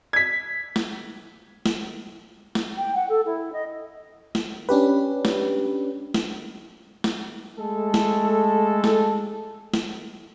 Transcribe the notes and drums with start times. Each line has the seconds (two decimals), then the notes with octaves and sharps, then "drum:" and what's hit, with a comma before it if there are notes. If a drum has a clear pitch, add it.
0.13 G#6 B6
0.76 drum: snare
1.66 drum: snare
2.55 drum: snare
2.78 G5
2.95 F#5
3.09 A4
3.26 E4
3.52 D#5
4.35 drum: snare
4.69 C#4 D4 G4 B4
5.25 drum: snare
6.14 drum: snare
7.04 drum: snare
7.57 G#3 A3 A4
7.94 drum: snare
8.84 drum: snare
9.74 drum: snare